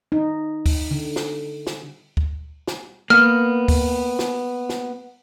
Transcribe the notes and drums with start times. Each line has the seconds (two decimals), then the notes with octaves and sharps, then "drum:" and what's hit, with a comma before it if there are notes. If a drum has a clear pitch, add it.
0.12 D#4
0.66 drum: kick D2, open hi-hat
0.91 D3
1.16 drum: snare
1.67 drum: snare
2.17 drum: kick D2
2.67 drum: snare
3.10 A#3 B3 F6
3.68 drum: kick D2, open hi-hat
4.19 drum: snare
4.69 drum: snare